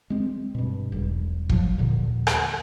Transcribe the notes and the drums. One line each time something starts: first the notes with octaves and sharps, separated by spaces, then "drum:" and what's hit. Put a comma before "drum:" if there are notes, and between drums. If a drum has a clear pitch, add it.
G#3 C4
G2 B2
E1 B1 G3
G#2 F3 F#3, drum: kick
D#2 A#2 D3
drum: rim click